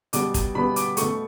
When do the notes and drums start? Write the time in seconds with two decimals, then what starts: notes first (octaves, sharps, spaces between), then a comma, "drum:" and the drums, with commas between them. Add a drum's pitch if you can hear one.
0.13 B2 G3 B3 D6, drum: hi-hat
0.34 drum: kick, hi-hat
0.55 B2 G3 B3 B5
0.76 D6, drum: hi-hat
0.97 B2 A3 C#6, drum: hi-hat